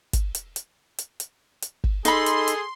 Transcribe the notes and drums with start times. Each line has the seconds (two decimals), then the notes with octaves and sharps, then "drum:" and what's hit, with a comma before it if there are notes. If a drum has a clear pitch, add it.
0.13 drum: kick, hi-hat
0.35 drum: hi-hat
0.56 drum: hi-hat
0.98 drum: hi-hat
1.20 drum: hi-hat
1.62 drum: hi-hat
1.84 drum: kick
2.05 D#4 G#4 A4 B5 C6, drum: hi-hat
2.26 drum: hi-hat
2.48 drum: hi-hat